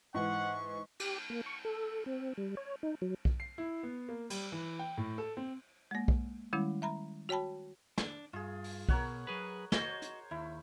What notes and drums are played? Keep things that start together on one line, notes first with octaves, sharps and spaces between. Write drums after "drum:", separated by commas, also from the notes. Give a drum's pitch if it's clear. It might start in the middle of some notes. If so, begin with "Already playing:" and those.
G#2 E3 F#5 C#6
G4, drum: cymbal
A#3
C#6
A4
C4
G3
C#5
D#4
F#3
drum: kick B1
C7
E4
B3
A#3
G3, drum: cymbal
E3
G5
A2
A4
C4
G#3 A#3
drum: kick B1
D#3 G3 G#3 C#4 E4
E5 A#5 B5
F#4 C#5 G5 A5 B5
D4, drum: snare
G2 F4 G#4
drum: open hi-hat
B2 A#4 C#5 F#5, drum: kick B1
F#3 G#4 B4
F#4 C5 C#5 D#5, drum: snare
drum: hi-hat
D#2 E4